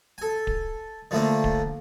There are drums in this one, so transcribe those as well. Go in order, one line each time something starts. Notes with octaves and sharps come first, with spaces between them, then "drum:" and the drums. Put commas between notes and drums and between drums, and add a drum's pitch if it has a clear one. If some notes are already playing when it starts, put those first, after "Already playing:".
A4 G#5
drum: kick D1
D3 F3 A3 A#3 D4
drum: kick D1